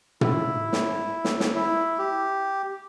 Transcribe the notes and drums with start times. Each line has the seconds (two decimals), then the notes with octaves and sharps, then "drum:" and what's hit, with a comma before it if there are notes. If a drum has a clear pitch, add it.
0.21 E4, drum: tom
0.73 drum: snare
1.25 drum: snare
1.40 drum: snare
1.55 E4
1.99 G4